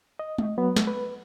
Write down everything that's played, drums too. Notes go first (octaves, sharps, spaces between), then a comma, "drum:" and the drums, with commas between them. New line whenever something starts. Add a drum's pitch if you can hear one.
D#5
drum: tom
F#3 B3
drum: snare
B4